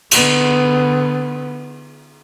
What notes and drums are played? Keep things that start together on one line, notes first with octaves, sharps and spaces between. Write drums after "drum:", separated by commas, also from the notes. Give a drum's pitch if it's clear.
D3 B3, drum: cymbal